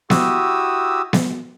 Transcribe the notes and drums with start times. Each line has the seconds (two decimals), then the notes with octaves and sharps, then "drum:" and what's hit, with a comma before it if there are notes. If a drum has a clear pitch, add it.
0.10 E4 F#4 G4 D#6 E6, drum: snare B3
1.13 drum: snare B3